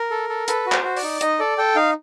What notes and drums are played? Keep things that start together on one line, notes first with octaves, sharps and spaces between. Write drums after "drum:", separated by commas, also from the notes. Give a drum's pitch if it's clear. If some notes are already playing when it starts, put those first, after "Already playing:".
Already playing: A#4
A4
A4
A4 B4, drum: hi-hat
F#4
C5, drum: clap
F#4
D5, drum: open hi-hat
D#4
D#4 D#5, drum: hi-hat
A4 D5
A4 G5
D#4 F5